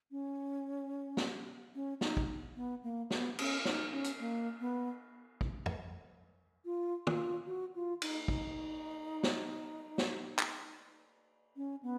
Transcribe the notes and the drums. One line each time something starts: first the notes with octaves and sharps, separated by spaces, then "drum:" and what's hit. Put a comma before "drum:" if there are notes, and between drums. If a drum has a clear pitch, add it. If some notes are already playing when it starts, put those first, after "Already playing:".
C#4
drum: snare
C#4
D#4, drum: snare
drum: kick
B3
A#3
B3, drum: snare
C#4, drum: cymbal
D#4, drum: snare
C#4
drum: hi-hat
A#3
B3
drum: kick
drum: tom
F4
F4, drum: tom
F#4
F4
D#4, drum: cymbal
D#4, drum: kick
drum: snare
drum: snare
drum: clap
C#4
B3